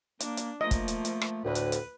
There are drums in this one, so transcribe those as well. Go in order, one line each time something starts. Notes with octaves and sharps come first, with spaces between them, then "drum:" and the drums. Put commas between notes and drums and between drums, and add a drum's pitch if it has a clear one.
A#3 D4, drum: hi-hat
drum: hi-hat
F3 A3 A#3 D#5
drum: kick, hi-hat
drum: hi-hat
drum: hi-hat
drum: rim click
D2 A2 B4
drum: hi-hat
drum: hi-hat